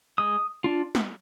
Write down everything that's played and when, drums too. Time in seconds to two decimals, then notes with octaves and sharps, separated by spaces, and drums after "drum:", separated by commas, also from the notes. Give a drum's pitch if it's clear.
0.18 G#3 D#6
0.64 D4 F4
0.95 drum: snare